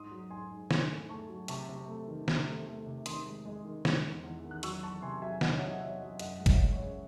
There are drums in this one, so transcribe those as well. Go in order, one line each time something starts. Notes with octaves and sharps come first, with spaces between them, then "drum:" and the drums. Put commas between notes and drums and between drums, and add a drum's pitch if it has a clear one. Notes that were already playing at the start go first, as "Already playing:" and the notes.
Already playing: G#2 C6 D#6
F#3
G#2 G#5 C6
G#2
G#2 G#5 C6, drum: snare
A3
A3 A5 C#6
F#3
C3 A5 C#6, drum: hi-hat
C3
A3
D#3
C3, drum: snare
A3
A3
C3
D#3 C6 D#6, drum: hi-hat
G#3
G#3
D#3
G#3, drum: snare
E2
E2
D#3
F#6
F#3 C#6 E6, drum: hi-hat
E2 A5 C#6
C3 G#5 C6
F#3 E5 G#5
C3 D#5 F#5, drum: snare
C#5
F#3 D#5
F#3 C#5 E5
F#3 D#5
F#2 D#5 F#5, drum: hi-hat
G#3
C#5 E5, drum: kick, hi-hat
G#3
C#5
C#3